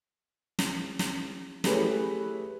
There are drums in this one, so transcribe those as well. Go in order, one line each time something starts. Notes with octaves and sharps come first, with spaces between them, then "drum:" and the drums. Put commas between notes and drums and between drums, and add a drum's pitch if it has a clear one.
drum: snare
drum: snare
A3 E4 G4 G#4 B4 C#5, drum: snare